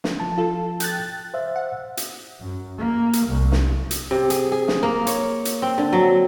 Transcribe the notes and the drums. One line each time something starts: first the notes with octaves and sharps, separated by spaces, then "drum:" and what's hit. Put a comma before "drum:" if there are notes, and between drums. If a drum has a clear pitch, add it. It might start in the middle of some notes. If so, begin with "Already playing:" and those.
drum: snare
F3 A5
F4 A4
G5 F#6 A6, drum: hi-hat
C5 E5 F5
F#5
drum: hi-hat
F#2
A#3
drum: hi-hat
C2
drum: snare
drum: hi-hat
C3
G#4, drum: hi-hat
G#4
drum: snare
A#3
C#5, drum: hi-hat
drum: hi-hat
C4
D3
F#3